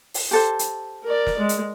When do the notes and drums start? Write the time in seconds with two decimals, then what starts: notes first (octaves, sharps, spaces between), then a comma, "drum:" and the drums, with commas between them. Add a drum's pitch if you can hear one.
0.14 drum: open hi-hat
0.31 G4 A4 C5
0.59 drum: hi-hat
1.04 A#4 D5
1.27 drum: snare
1.39 G#3
1.49 drum: hi-hat